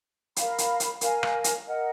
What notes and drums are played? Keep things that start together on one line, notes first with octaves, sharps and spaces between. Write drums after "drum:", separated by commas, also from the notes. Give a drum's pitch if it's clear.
A#4 F5 B5, drum: hi-hat
drum: hi-hat
drum: hi-hat
A#4 F5 G#5, drum: hi-hat
drum: rim click
drum: hi-hat
A#4 D#5 F#5